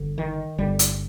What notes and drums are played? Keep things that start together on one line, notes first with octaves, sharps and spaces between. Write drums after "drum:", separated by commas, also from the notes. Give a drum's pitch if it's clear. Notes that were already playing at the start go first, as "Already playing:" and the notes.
Already playing: G1 G2 D3
D#3
G1 G2 D3 G3
drum: hi-hat